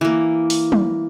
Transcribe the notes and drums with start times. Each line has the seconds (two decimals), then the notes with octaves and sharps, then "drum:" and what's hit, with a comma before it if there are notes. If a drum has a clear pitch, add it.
0.01 E3 A#3
0.50 drum: open hi-hat
0.72 drum: tom